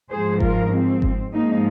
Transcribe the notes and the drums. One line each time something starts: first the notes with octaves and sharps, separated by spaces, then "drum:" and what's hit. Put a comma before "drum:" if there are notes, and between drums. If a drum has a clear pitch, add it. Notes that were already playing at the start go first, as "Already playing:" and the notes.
G#2 F3 G#3 G#4 C5
F4 A#4, drum: kick G1
C4
drum: kick G1
G#2 F3 G#3 A#3 D#4